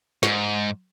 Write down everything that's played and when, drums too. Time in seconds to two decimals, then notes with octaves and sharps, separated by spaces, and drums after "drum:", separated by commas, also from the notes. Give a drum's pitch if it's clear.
0.23 G#2, drum: snare